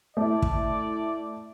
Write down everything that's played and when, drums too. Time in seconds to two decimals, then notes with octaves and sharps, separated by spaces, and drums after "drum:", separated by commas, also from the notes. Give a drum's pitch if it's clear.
0.17 A3 E4 D5
0.42 drum: kick